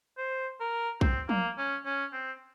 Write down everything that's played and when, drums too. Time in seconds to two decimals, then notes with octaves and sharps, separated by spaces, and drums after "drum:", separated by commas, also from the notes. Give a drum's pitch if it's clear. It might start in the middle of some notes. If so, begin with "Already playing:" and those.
0.18 C5
0.61 A#4
1.01 C4, drum: kick B1
1.29 A#3, drum: tom
1.58 C#4
1.86 C#4
2.13 C4